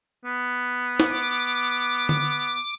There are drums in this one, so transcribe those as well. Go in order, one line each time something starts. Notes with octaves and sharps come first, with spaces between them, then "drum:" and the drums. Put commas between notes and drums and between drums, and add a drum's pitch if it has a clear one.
B3
drum: snare
D6
drum: tom D3